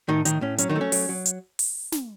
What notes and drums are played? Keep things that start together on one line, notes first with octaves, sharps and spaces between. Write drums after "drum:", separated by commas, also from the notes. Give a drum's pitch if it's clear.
A2 D#3 D#4
A2 D#3 D#4, drum: hi-hat
A2 C#4
F#3 C#4, drum: hi-hat
D#3 D#4
A3
C#4
F#3, drum: open hi-hat
F#3
drum: hi-hat
drum: open hi-hat
drum: snare